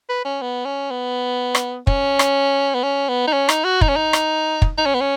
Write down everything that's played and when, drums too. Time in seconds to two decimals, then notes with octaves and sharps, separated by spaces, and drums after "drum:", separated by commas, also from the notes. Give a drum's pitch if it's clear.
0.09 B4
0.25 C#4
0.42 B3
0.65 C#4
0.91 B3
1.55 drum: rim click
1.87 C#4, drum: kick
2.19 drum: rim click
2.74 B3
2.83 C#4
3.08 B3
3.27 D#4
3.33 C#4
3.49 D#4, drum: rim click
3.64 F#4
3.81 D#4, drum: kick
3.89 C#4
3.96 D#4
4.13 drum: rim click
4.62 drum: kick
4.78 D#4
4.86 C#4
4.94 B3
5.01 C#4